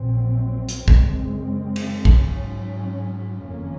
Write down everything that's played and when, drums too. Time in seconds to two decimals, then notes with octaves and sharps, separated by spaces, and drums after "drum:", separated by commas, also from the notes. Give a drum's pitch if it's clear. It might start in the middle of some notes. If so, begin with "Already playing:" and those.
Already playing: A#1 A#2 F#3 C4
0.69 drum: hi-hat
0.88 F#2 C#3 G#3 C4, drum: kick
1.76 drum: cymbal
2.05 drum: kick
2.16 G#2 F#3 C#4
3.44 F#1 F2 D#3 A#3 C#4